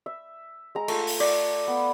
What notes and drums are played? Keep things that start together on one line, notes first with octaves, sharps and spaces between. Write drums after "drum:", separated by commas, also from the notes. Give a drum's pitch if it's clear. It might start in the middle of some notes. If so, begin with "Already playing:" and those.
E5
G#3 A#5
A3 F4, drum: cymbal
drum: open hi-hat
D5, drum: cymbal
B3